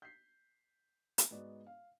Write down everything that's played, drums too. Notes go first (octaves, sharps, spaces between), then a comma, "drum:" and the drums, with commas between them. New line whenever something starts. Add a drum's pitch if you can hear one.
G6 B6 C7
drum: hi-hat
G#2 B3 F#4 D5 D#5
F5